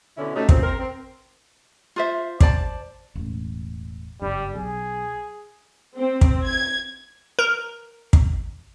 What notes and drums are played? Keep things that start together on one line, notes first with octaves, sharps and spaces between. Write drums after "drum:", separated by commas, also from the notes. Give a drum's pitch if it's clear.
B2 D3 C#4 E4
A3 C#4 D#4 F#4 G4
A#2 C#3 C4, drum: kick
C4 A#4
C4
F4 C5 E5
C5 D5 A5, drum: kick
E1 A1
F#1 G2 G3
B1 G#4
C4
drum: kick
G#6
A#4
drum: kick